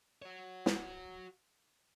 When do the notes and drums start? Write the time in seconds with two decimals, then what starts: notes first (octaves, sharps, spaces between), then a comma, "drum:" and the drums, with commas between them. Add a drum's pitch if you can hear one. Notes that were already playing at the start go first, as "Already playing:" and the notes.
0.22 F#4 C#5
0.66 drum: snare